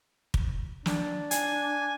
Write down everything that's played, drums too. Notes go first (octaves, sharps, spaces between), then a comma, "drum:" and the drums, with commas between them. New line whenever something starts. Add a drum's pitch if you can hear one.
drum: kick
D4, drum: snare
G#5, drum: hi-hat